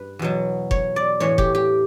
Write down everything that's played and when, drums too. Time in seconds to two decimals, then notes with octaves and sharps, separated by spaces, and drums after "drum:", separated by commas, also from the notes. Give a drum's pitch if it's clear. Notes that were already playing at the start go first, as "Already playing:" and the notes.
Already playing: G2 B4
0.19 E2 B2 F#3
0.71 C#5, drum: kick F1
0.96 D5
1.20 A2 E3 C#5
1.38 G4, drum: kick F1
1.55 G4